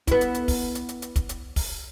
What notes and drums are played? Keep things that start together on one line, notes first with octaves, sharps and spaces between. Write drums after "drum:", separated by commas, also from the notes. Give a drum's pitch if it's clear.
B3 E4, drum: kick, hi-hat
drum: hi-hat
drum: hi-hat
drum: kick, open hi-hat
drum: hi-hat
drum: hi-hat
drum: hi-hat
drum: kick, hi-hat
drum: hi-hat
drum: kick, open hi-hat